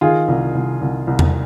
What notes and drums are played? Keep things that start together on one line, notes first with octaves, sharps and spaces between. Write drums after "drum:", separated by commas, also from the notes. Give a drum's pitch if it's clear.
D#3 F4 G#4
C2
C2
C2
C2
drum: tom E2